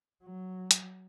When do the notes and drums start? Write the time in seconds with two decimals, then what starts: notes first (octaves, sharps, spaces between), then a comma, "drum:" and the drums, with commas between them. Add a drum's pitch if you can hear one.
0.24 F#3
0.71 drum: hi-hat